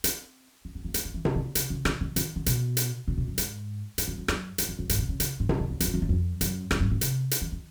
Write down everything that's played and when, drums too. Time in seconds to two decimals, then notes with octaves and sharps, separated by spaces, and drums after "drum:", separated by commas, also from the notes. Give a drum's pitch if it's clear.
0.04 C4, drum: hi-hat
0.65 C4
0.75 B3
0.85 A#3
0.94 A3, drum: hi-hat
1.05 D#3
1.14 E3
1.25 D#3, drum: tom C3
1.35 D3
1.55 C3, drum: hi-hat
1.70 C#3
1.85 D3, drum: rim click
2.01 D#3
2.16 D#3, drum: hi-hat
2.36 D3
2.46 B2, drum: hi-hat
2.77 drum: hi-hat
3.08 A#2
3.18 B2
3.28 F#2
3.38 G#2, drum: hi-hat
3.98 A2, drum: hi-hat
4.08 G2
4.18 F#2
4.28 F#2, drum: rim click
4.58 F#2, drum: hi-hat
4.69 F2
4.79 F#2
4.89 G#2, drum: hi-hat
4.98 C3
5.09 C#3
5.20 C#3, drum: hi-hat
5.40 A2
5.49 G2, drum: tom C3
5.60 F2
5.70 E2
5.80 F2, drum: hi-hat
5.87 F#2
5.94 F2
6.02 F#2
6.09 F2
6.41 F#2, drum: hi-hat
6.71 G2, drum: rim click
6.81 G2
6.91 A2
7.01 C3, drum: hi-hat
7.31 drum: hi-hat
7.41 D#3
7.52 D#3